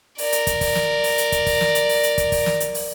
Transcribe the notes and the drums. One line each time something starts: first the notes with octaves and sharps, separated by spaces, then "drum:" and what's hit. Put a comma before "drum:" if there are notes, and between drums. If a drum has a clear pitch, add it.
A#4 D5, drum: open hi-hat
drum: hi-hat
drum: kick, hi-hat
drum: kick, open hi-hat
drum: snare
drum: open hi-hat
drum: hi-hat
drum: kick, hi-hat
drum: kick, open hi-hat
drum: snare
drum: hi-hat
drum: open hi-hat
drum: hi-hat
drum: kick, hi-hat
drum: kick, open hi-hat
drum: snare
drum: hi-hat
drum: open hi-hat